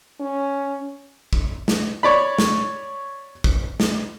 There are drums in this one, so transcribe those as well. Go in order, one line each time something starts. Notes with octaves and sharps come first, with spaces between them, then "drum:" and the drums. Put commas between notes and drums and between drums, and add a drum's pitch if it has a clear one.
C#4
drum: kick
drum: snare
C#5 D5 B5
drum: snare
drum: kick
drum: snare